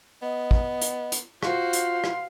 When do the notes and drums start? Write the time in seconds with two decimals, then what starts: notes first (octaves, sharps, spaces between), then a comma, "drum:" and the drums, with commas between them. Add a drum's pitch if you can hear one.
0.22 B3 D#5
0.51 drum: kick
0.81 drum: hi-hat
1.12 drum: hi-hat
1.43 F4 F#4 C5 F5 C6, drum: rim click
1.73 drum: hi-hat
2.04 drum: rim click